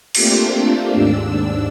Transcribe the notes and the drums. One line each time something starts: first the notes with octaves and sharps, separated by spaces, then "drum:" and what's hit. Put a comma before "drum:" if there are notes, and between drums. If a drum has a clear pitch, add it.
A3 A#3 C4 D4 F4 G4, drum: cymbal
D#2 G#2 D4 E6